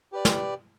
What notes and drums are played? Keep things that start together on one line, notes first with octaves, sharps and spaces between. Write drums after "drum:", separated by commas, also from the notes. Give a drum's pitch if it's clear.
G4 B4 D5
drum: snare